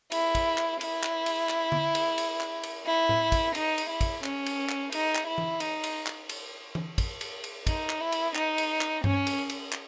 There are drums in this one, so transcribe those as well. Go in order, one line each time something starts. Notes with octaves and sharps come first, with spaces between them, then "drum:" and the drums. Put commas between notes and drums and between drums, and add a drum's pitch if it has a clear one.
E4, drum: cymbal
drum: kick, cymbal
drum: clap
E4, drum: cymbal
drum: clap
drum: cymbal
drum: clap
drum: tom D3
drum: cymbal
drum: cymbal
drum: clap
drum: cymbal
E4
drum: tom A2
drum: kick, cymbal
D#4, drum: cymbal
drum: cymbal
E4
drum: kick, cymbal
C#4, drum: clap
drum: cymbal
drum: clap
D#4, drum: cymbal
drum: clap
E4
drum: tom E3
D#4, drum: cymbal
drum: cymbal
drum: clap
drum: cymbal
drum: tom E3
drum: kick, cymbal
drum: cymbal
drum: cymbal
D#4, drum: kick, cymbal
drum: clap
E4
drum: cymbal
D#4, drum: clap
drum: cymbal
drum: clap
C#4, drum: tom G2
drum: cymbal
drum: cymbal
drum: clap